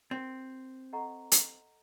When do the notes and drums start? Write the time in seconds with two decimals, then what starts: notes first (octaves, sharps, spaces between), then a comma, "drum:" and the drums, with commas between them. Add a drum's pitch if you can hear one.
0.11 C4 D#4 F#4 A#4
0.93 A4 D#5 F#5 A#5 C#6
1.32 drum: hi-hat